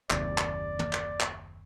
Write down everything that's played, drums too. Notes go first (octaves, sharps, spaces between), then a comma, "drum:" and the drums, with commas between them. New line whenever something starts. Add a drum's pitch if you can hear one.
F#1 D#2 C3 D5, drum: clap
drum: clap
drum: tom
drum: clap
drum: clap